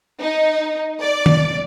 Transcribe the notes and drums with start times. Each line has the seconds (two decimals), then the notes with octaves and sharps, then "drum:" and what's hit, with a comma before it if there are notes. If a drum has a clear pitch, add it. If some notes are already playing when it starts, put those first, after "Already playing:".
0.21 D#4
1.02 D5
1.26 drum: tom